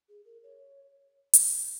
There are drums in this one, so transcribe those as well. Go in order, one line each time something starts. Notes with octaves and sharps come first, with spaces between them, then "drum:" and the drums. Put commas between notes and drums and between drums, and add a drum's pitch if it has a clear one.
G#4
A#4
C#5
drum: hi-hat